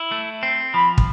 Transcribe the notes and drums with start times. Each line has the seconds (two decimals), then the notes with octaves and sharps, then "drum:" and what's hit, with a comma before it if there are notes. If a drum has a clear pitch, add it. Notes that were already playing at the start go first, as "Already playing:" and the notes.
Already playing: E4
0.12 A3
0.43 C4
0.74 F3 B5
0.98 drum: kick